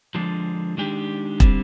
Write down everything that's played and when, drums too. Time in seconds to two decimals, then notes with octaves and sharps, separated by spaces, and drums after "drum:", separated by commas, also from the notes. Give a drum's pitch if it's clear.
0.15 D3 F3 G#3 D4
0.77 D#3 G#3 D4 G4
1.40 D3 G3 C4, drum: kick E1